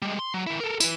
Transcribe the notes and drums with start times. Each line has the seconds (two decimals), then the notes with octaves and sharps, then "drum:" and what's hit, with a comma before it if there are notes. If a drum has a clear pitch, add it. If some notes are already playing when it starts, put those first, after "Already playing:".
0.02 G3 G#3
0.19 C6
0.34 F#3
0.47 D#3 E4
0.60 A4 A#4
0.80 E4 B4, drum: tambourine